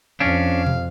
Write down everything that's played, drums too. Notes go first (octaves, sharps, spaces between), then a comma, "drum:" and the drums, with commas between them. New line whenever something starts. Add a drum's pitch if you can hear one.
F2 C#4 D4 F5
drum: tom B2